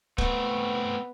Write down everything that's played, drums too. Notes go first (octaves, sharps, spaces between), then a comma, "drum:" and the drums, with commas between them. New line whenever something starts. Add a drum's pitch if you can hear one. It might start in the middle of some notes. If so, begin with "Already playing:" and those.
A3 B3 C4, drum: kick